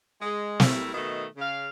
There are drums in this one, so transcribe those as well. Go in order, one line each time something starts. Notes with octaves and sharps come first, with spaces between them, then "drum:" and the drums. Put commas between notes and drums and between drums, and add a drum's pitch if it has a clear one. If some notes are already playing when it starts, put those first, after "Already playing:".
G#3
G3 A3 E4 A#4, drum: snare
B2 D#3 A3 D#5
C#3 F5